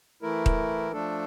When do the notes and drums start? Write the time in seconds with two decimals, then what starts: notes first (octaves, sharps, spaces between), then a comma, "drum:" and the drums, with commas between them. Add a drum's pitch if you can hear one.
0.22 E3 A3 E4 A#4
0.46 drum: kick D#1
0.92 F3 A3 D4 A4